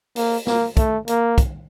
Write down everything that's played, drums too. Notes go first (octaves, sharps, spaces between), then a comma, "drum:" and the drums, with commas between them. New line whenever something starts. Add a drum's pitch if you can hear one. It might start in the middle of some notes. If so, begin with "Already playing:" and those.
A#3, drum: open hi-hat
A#3, drum: snare
A3, drum: kick, hi-hat
A#3, drum: hi-hat
drum: kick, hi-hat